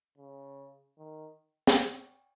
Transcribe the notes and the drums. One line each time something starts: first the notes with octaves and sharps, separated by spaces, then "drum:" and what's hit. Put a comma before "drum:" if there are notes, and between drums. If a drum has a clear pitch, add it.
C#3
D#3
drum: snare